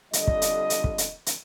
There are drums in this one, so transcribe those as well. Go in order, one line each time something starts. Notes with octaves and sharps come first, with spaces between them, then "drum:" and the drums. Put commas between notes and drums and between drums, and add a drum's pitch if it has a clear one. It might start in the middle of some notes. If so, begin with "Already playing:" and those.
F2 D3 G3 D#5, drum: hi-hat
drum: kick
drum: hi-hat
drum: hi-hat
drum: kick
drum: hi-hat
drum: hi-hat